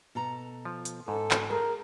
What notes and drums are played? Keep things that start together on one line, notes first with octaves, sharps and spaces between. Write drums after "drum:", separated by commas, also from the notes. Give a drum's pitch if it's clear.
B2 A4 A#5
F3
drum: hi-hat
G#2 A4
drum: clap
G#4 A#4